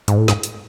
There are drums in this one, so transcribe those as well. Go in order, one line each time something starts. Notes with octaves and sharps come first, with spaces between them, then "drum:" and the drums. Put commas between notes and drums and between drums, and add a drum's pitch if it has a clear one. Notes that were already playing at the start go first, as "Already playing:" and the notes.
G#2, drum: hi-hat
A2
G#2, drum: snare
drum: hi-hat